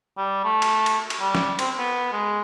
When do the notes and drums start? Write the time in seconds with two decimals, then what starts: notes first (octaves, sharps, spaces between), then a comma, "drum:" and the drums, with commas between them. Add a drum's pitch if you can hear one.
0.18 G3
0.44 A3
0.62 drum: cymbal
0.86 drum: cymbal
1.10 drum: cymbal
1.20 G3
1.35 drum: snare
1.59 C4, drum: cymbal
1.78 B3
2.12 G#3